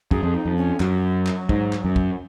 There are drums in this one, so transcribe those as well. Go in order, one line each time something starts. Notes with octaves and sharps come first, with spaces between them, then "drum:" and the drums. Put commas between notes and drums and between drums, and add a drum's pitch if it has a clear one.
F#2 G#4, drum: kick
F2
D#4
F2
C#4
F#2 F#3, drum: clap
drum: clap
G#2, drum: kick
drum: clap
F#2
drum: kick